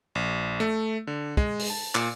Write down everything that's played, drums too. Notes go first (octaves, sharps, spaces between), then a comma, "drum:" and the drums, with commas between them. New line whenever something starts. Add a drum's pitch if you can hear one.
A#1
A3
D3
G#3, drum: kick
drum: open hi-hat
A5
A#2, drum: clap